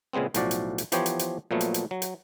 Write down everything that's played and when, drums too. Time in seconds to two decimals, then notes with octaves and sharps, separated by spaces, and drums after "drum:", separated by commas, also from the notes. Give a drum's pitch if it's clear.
0.13 A#2 C#3 G#3 B3 C4
0.34 B1 A2 F3 F#4 D5, drum: hi-hat
0.51 drum: hi-hat
0.78 drum: hi-hat
0.92 E3 F3 B3 G4 C5 C#5, drum: hi-hat
1.06 drum: hi-hat
1.19 drum: hi-hat
1.51 A#2 F3 F#3 A3 B3
1.61 drum: hi-hat
1.74 drum: hi-hat
1.91 F#3
2.02 drum: hi-hat